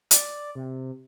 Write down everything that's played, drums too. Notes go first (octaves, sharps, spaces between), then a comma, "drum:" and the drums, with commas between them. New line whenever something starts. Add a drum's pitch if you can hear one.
D5, drum: hi-hat
C3